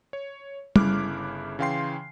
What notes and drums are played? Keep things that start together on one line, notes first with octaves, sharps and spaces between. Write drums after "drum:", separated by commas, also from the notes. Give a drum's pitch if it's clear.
C#5
G1 C#3 E4 D6 F6 F#6, drum: tom G3
C#3 E3 F5 G5 C6 C7